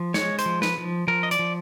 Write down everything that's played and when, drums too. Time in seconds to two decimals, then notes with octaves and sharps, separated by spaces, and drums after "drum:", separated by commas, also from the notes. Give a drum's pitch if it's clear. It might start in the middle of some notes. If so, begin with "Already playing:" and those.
Already playing: F3
0.14 G#3 C#5, drum: snare
0.39 C5, drum: hi-hat
0.46 F3
0.62 B4, drum: snare
0.78 F3
1.08 F3 A#4
1.23 D#5
1.31 D5, drum: hi-hat
1.39 F3